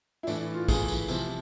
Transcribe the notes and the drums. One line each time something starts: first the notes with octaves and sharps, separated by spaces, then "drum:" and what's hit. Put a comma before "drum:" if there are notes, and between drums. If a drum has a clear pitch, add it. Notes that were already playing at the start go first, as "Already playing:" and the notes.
E4
A2 E3 D4, drum: tambourine
F4
A2 E3 G#4, drum: kick, tambourine
drum: tambourine
C3 F3, drum: tambourine